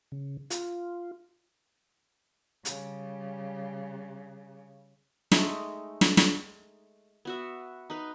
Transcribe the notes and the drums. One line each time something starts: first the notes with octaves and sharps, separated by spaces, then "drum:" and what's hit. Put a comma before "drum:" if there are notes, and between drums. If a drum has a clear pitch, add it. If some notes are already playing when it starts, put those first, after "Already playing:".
C#3
F4, drum: hi-hat
C#3 G3, drum: hi-hat
G#3 A3 D#4, drum: snare
drum: snare
drum: snare
B3 F#4 E5
D#4 B4